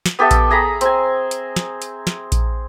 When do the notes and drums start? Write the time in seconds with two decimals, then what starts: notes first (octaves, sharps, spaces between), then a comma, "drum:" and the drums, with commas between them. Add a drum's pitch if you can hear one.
0.06 drum: snare
0.19 B3 G4 A4 E5
0.31 drum: kick A#1, hi-hat
0.50 G#4 A#5 B5
0.81 C4 G#5, drum: hi-hat
1.31 drum: hi-hat
1.56 drum: snare
1.82 drum: hi-hat
2.07 drum: snare
2.32 drum: kick A#1, hi-hat